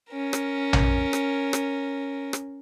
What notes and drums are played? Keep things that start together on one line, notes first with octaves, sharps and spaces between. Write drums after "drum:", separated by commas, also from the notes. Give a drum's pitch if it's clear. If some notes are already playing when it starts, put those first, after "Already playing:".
C#4 A#4
drum: rim click
drum: tom A#1
drum: rim click
drum: rim click
drum: rim click